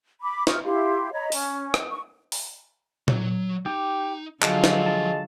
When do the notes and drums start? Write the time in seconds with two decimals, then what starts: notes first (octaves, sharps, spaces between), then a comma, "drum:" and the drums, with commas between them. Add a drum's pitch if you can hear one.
0.22 B5 D6
0.47 F4 C#6 D#6 F6, drum: snare
0.64 E4 G4 F5 C6
1.12 C#5 D#5 A#5 B5
1.32 C#4, drum: open hi-hat
1.74 drum: rim click
1.89 C#6
2.32 drum: open hi-hat
3.08 F#3, drum: tom A#2
3.66 D#4 G4
4.42 D3 F3 F#3 G#3 F4 F#5 A5, drum: clap
4.64 drum: snare
4.86 A5